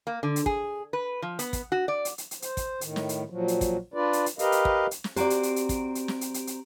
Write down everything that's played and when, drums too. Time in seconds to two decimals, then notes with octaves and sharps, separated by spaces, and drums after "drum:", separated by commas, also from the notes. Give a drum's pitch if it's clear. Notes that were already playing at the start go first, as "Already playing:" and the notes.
0.07 A#3
0.23 D3
0.36 drum: hi-hat
0.46 G#4, drum: kick
0.93 B4
1.22 F3
1.39 B3, drum: hi-hat
1.53 drum: kick, hi-hat
1.72 F#4
1.88 D5
2.05 drum: hi-hat
2.18 drum: hi-hat
2.31 drum: hi-hat
2.42 C5, drum: hi-hat
2.57 drum: kick, hi-hat
2.81 A2 D#3, drum: hi-hat
2.96 drum: snare
3.09 drum: hi-hat
3.30 A#2 F3 F#3
3.48 drum: hi-hat
3.61 drum: kick, hi-hat
3.94 D4 F4 B4 D5
4.13 drum: hi-hat
4.26 drum: hi-hat
4.39 G4 A#4 B4 D#5 F5, drum: hi-hat
4.52 drum: hi-hat
4.65 drum: kick
4.91 drum: hi-hat
5.04 drum: snare
5.16 C4 F#4 G4 D5 A#5 D7, drum: hi-hat
5.30 drum: hi-hat
5.43 drum: hi-hat
5.56 drum: hi-hat
5.69 drum: kick, hi-hat
5.95 drum: hi-hat
6.08 drum: snare
6.21 drum: hi-hat
6.34 drum: hi-hat
6.47 drum: hi-hat